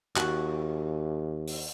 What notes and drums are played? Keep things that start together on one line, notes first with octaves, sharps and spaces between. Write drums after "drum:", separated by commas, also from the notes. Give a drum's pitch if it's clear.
D#2 F#4, drum: clap
drum: open hi-hat